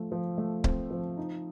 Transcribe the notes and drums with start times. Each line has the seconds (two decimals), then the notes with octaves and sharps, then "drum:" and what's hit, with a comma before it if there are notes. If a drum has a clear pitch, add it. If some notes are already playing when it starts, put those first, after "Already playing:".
Already playing: F3 A3
0.12 F3
0.38 A3
0.64 C4, drum: kick C#1
0.91 F3
1.17 D#4